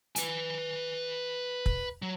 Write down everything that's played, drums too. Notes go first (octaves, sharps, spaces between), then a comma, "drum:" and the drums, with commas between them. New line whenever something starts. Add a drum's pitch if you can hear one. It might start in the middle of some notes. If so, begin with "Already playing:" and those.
B4 G#5, drum: hi-hat
drum: kick
F#3